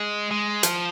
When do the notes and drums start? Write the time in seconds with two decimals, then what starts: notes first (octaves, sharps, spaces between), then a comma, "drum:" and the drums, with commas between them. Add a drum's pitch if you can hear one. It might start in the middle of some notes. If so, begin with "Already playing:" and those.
Already playing: G#3
0.31 G#3
0.63 F3, drum: hi-hat